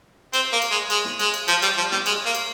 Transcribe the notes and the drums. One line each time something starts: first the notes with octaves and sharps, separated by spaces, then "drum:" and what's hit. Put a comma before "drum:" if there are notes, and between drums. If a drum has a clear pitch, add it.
C4, drum: cymbal
A#3
drum: cymbal
G#3
G#3, drum: cymbal
drum: snare
G#3, drum: cymbal
drum: cymbal
F3, drum: cymbal
G3, drum: cymbal
F3
G3, drum: snare
G#3, drum: cymbal
A#3
drum: cymbal